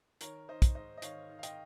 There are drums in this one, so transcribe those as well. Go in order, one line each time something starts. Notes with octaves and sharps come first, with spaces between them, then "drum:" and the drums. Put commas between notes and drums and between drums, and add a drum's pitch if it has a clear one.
D#3 A#4 C#5, drum: hi-hat
D#3 C5 D#5
drum: kick, hi-hat
G#2 C5 D#5
D#5
D#3 C#5 F5, drum: hi-hat
D#3
F5
D#5 G5, drum: hi-hat